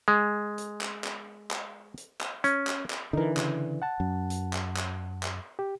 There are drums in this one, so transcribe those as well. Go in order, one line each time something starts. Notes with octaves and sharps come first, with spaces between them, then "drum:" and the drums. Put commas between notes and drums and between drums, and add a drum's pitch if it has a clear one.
G#3
drum: hi-hat
drum: clap
drum: clap
drum: clap
drum: hi-hat
drum: clap
C#4, drum: hi-hat
drum: clap
drum: clap
D3 E3 D#4 A#4
C#3, drum: clap
F#5 A5
F#2
drum: hi-hat
drum: clap
drum: clap
drum: clap
G4